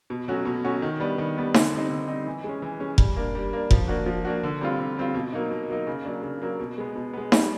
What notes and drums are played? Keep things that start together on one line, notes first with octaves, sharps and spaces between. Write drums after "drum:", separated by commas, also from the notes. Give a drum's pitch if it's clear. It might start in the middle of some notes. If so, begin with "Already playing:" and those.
B2
F#3 A3 C#4 F#4
B2
F#3 A3 C#4 F#4
D#3
G3 B3 D4
D#3
G3 B3 D4
D3, drum: snare D#4
G3 C4 D#4
D3
G3 C4 D#4
E3
G#3 C#4
E3
G#3 C#4
G3, drum: kick F1
A#3 D4
G3
A#3 D4
F3, drum: kick F1
A#3 D4 F#4
F3
A#3 D4 F#4
D3
G3 C4 F4
D3
G3 C4 F4
B2
F#3 A#3 D#4
B2
F#3 A#3 D#4
C#3
F#3 A#3 D4
C#3
F#3 A#3 D4
B2
G#3 B3
B2
G#3 B3
G3, drum: snare D#4